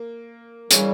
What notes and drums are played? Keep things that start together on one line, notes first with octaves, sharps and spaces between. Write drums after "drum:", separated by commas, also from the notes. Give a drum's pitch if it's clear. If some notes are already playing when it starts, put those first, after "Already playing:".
Already playing: A#3
C#3 E3 G3, drum: hi-hat